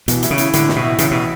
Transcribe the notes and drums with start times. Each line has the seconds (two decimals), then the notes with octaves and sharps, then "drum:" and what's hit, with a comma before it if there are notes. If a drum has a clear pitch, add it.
0.08 B2 E3, drum: hi-hat
0.23 E4, drum: hi-hat
0.30 C#3
0.38 E4, drum: hi-hat
0.53 A2 D3, drum: hi-hat
0.69 A2, drum: snare
0.76 B2
0.84 E4
0.98 A1 C#3, drum: hi-hat
1.11 B2